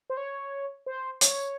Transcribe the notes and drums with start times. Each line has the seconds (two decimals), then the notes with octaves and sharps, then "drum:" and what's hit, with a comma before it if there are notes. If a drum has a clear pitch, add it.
0.10 C5
0.17 C#5
0.86 C5
1.21 C#5, drum: hi-hat